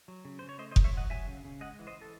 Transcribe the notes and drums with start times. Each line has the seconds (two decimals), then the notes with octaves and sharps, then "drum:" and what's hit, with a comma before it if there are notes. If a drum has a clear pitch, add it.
0.08 F#3
0.25 C#3
0.39 C#3 C5
0.49 C#5
0.58 A3 C5 D#5
0.71 C5 D#5
0.76 F#3, drum: kick F1
0.84 C#5 E5
0.93 F#3 D#5 F#5
1.10 F#3 E5 G#5
1.27 C#3
1.45 C#3
1.61 G#3 D#5 F#5
1.79 E3
1.87 C5 D#5
1.96 E3
2.02 A4